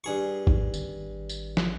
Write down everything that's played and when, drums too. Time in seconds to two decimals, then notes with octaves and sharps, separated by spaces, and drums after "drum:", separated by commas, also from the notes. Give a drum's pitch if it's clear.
0.04 G2 G#4 C#6
0.47 G#2, drum: kick A1
0.74 G#1, drum: tambourine
1.29 drum: tambourine
1.57 drum: snare